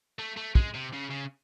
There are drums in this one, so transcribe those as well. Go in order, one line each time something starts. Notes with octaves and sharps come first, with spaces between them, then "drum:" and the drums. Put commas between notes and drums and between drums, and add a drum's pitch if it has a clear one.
A3
A3
G#3, drum: kick
C3
C#3
C#3